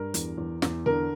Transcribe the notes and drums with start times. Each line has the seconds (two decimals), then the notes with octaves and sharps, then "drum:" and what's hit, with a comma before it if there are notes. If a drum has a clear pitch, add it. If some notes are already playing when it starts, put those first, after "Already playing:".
Already playing: G2 A#4
0.14 E2, drum: hi-hat
0.38 E2
0.62 E2, drum: snare
0.86 D3 A#4